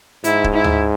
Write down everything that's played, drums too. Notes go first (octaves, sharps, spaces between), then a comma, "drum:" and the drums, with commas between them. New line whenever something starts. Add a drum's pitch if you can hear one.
G#2 E4, drum: hi-hat
drum: kick
E4
drum: tom D2